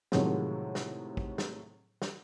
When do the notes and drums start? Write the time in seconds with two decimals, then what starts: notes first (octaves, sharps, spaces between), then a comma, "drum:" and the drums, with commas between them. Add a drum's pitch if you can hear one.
0.12 A2 C3 D#3 F3 F#3 G#3, drum: snare
0.75 drum: snare
1.17 drum: kick
1.38 drum: snare
2.02 drum: snare